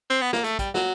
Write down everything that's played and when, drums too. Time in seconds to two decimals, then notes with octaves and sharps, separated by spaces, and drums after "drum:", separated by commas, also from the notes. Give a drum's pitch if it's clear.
0.10 C4
0.21 B3
0.33 A#3, drum: snare
0.44 A3, drum: hi-hat
0.59 G3, drum: kick, hi-hat
0.74 F#3, drum: snare